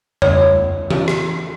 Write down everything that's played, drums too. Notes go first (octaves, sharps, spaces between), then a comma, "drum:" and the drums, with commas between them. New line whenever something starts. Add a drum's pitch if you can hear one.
C#5, drum: tom F2
drum: tom E3
drum: rim click